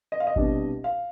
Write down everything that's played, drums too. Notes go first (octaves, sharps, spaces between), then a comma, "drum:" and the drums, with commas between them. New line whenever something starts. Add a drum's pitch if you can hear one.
D#5
F5
D#5
C2 B2 G3 D4, drum: kick G#1
F5